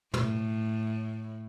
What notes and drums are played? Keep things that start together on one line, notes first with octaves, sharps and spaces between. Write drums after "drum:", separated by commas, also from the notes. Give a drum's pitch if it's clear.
A2, drum: tom